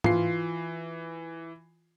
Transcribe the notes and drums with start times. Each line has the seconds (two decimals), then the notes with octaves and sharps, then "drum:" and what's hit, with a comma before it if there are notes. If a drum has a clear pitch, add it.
0.04 E3 F4 C7, drum: tom